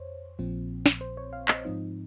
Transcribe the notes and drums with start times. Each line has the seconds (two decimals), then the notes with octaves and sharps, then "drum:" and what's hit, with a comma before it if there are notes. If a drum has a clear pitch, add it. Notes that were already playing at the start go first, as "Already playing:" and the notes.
Already playing: F2 C5 C#5
0.39 A#1 A#2 F3 C4
0.86 drum: snare
1.01 C5
1.17 C#5
1.33 F5
1.48 D#5, drum: clap
1.65 G#2 F3 C4 D#4